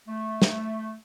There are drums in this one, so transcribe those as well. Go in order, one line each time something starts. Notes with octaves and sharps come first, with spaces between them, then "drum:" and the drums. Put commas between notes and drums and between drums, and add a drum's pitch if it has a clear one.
A3
drum: snare